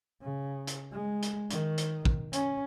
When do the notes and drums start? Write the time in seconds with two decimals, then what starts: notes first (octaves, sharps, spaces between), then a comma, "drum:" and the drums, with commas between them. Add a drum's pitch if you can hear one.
0.22 C#3
0.67 drum: hi-hat
0.92 G#3
1.23 drum: hi-hat
1.51 D#3, drum: hi-hat
1.78 drum: hi-hat
2.05 drum: kick
2.33 C#4, drum: hi-hat